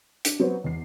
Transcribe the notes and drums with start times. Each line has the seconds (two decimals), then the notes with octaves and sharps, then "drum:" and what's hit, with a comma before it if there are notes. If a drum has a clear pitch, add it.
0.25 D4, drum: hi-hat
0.40 F#3 B3 C5 C#5
0.64 E2 C7